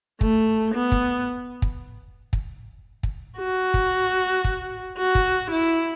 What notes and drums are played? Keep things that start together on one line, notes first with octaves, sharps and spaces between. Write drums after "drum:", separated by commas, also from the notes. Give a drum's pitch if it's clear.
A3, drum: kick
B3
drum: kick
drum: kick
drum: kick
drum: kick
F#4
drum: kick
drum: kick
F#4
drum: kick
E4